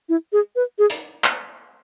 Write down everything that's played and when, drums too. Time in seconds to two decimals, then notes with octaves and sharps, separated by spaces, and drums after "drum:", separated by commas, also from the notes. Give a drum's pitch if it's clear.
0.09 E4
0.33 G#4
0.56 B4
0.79 G#4
0.90 drum: hi-hat
1.24 drum: clap